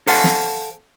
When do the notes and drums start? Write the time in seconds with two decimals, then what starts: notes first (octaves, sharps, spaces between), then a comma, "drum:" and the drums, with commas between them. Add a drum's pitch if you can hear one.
0.07 A4 C5 F5 F#5 G#5 A5, drum: open hi-hat
0.24 drum: snare